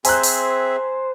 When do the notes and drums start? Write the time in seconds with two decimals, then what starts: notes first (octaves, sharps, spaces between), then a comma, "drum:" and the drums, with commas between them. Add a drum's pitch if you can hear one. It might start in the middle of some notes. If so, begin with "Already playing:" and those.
0.05 C4 G#4 C5 E5 G#5 A#5 F#6, drum: open hi-hat
0.23 drum: open hi-hat